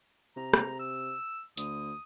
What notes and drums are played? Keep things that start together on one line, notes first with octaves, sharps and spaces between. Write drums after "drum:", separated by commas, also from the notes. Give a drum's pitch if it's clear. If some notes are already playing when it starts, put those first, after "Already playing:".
C3 A#5
drum: rim click
E6
D2 D#6, drum: hi-hat